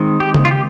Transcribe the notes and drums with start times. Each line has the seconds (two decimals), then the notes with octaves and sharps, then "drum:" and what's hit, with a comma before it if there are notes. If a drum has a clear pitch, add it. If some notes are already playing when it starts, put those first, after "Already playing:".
Already playing: D#3 G#3 C4
0.20 G4
0.34 drum: tom C#3
0.45 F4
0.51 G4